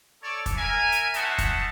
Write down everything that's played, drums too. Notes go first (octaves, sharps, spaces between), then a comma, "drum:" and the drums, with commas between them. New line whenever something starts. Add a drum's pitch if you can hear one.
A4 C#5 D5
drum: kick, hi-hat
A#4 E5 G#5
drum: hi-hat
C#4 D#4 C5 E5 F#5 A5, drum: hi-hat
drum: kick, hi-hat